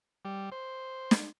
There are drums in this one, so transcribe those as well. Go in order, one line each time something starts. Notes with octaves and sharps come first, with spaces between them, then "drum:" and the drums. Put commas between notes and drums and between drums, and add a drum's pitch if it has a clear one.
G3
C5
drum: snare